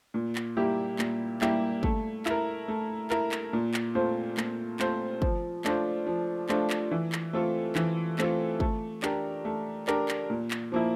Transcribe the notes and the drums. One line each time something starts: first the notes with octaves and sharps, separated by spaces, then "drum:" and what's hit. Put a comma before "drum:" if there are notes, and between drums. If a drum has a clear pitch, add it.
A#2
drum: clap
G3 A#3 E4 G4
A#2, drum: clap
G3 A#3 E4 G4, drum: clap
A3, drum: kick
E4 A#4, drum: clap
A3
E4 A#4, drum: clap
drum: clap
A#2
drum: clap
A3 C4 F4 C5
A#2, drum: clap
A3 C4 F4 C5, drum: clap
F3, drum: kick
A3 D4 F4 C5, drum: clap
F3
A3 D4 F4 C5, drum: clap
drum: clap
E3
drum: clap
A3 C4 F4 A4
E3, drum: clap
A3 C4 F4 A4, drum: clap
A3, drum: kick
D4 G4 A#4, drum: clap
A3
D4 G4 A#4, drum: clap
drum: clap
A#2
drum: clap
F3 A#3 E4